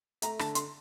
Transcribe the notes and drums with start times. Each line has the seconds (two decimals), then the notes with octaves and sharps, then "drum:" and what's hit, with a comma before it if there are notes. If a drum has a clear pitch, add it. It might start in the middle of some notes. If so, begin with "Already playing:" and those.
0.22 A3 A#5, drum: hi-hat
0.39 D3 A5, drum: rim click
0.55 C6, drum: hi-hat